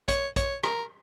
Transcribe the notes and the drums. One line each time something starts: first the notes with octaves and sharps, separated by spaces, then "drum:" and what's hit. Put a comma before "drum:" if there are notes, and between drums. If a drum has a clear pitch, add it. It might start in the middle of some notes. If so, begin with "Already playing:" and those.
C#5, drum: kick, hi-hat
C#5, drum: kick, hi-hat
A#4, drum: rim click